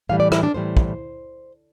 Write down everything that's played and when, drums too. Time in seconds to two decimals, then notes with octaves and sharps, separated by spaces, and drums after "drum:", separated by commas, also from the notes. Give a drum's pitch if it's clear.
0.09 A2 E3 G3 F5
0.20 D5
0.32 E4, drum: rim click
0.43 D4
0.54 A2 E3 G3 C5
0.77 drum: kick